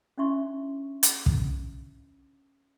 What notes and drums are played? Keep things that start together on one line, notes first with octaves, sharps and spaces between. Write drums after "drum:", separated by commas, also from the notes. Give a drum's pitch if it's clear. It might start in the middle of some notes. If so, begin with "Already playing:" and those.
C#4 D4 E4 E5 C6 C#6
drum: hi-hat
drum: kick